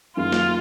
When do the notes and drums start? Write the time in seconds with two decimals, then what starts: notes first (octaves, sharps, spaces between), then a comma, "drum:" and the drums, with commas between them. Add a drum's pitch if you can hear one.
0.17 F#1 F#2 D#3 F4
0.33 drum: snare